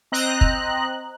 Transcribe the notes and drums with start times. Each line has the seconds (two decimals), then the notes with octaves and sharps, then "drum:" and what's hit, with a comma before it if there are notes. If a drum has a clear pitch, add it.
0.12 C4 D#5 A#5 F#6
0.41 drum: kick